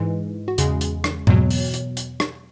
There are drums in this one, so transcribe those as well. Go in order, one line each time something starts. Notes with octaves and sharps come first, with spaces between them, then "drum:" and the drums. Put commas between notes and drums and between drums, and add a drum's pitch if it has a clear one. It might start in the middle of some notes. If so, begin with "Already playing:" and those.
Already playing: G#2 E3 G#3
F#4
E2 C#3 G#3 G#4, drum: hi-hat
drum: hi-hat
drum: rim click
E2 B2 F#3, drum: tom G#2
drum: open hi-hat
drum: hi-hat
drum: hi-hat
drum: rim click